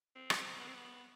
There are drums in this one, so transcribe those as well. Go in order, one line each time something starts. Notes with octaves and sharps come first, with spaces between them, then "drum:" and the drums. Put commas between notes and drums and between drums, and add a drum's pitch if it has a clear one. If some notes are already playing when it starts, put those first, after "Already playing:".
C4
drum: rim click
B3
C4
B3